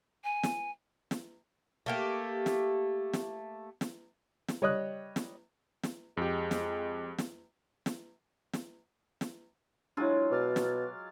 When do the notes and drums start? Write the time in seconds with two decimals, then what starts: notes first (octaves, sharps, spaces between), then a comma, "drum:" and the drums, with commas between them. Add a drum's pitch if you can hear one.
0.24 G#5
0.43 drum: snare
1.11 drum: snare
1.86 A3 A#3 G4
2.46 drum: snare
3.13 drum: snare
3.81 drum: snare
4.48 drum: snare
4.62 G3 C#5 D#5 D#6 F#6
5.16 drum: snare
5.83 drum: snare
6.17 F2 G#3 G4
6.51 drum: snare
7.18 drum: snare
7.86 drum: snare
8.53 drum: snare
9.21 drum: snare
9.97 F#3 G#3 D4 E4 F4
10.31 B2 D6 F6 A6
10.56 drum: snare